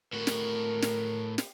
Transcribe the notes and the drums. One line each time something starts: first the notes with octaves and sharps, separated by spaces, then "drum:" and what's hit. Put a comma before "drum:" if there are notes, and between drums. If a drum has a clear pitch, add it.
A2 F#4 A#4
drum: snare
drum: snare
drum: snare